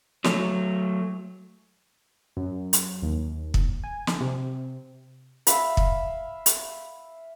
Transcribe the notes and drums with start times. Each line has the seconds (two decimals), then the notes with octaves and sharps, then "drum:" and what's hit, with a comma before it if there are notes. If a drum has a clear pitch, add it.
0.24 F#3 A3, drum: snare
2.37 F#2
2.73 drum: hi-hat
3.02 D#2
3.54 drum: kick
3.84 G#5
4.07 drum: snare
4.21 C3
5.47 E5 F5 B5, drum: hi-hat
5.77 drum: kick
6.46 drum: hi-hat